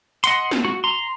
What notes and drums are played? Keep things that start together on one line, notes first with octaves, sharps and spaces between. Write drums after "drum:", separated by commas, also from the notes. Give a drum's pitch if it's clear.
D#5 F#5 C6, drum: hi-hat
drum: snare
F#4
A#5 C6